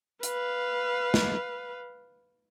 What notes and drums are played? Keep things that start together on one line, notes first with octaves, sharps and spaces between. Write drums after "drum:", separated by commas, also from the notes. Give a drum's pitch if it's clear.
B4 F5, drum: hi-hat
drum: snare